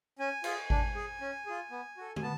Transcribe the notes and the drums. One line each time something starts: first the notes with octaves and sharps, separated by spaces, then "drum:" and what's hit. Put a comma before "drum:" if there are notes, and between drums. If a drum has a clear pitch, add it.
C#4 G#5
F4 G#4, drum: cymbal
D4, drum: kick G#1
G#4
C#4
F4 G#4
B3
F#4 A4
G#5, drum: tom
B3 A5